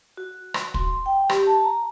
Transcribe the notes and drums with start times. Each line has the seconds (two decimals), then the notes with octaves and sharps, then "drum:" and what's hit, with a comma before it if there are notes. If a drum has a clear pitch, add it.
0.17 F#4
0.54 drum: rim click
0.74 C6, drum: kick
1.06 G5
1.29 G4, drum: rim click
1.47 A5
1.64 A#5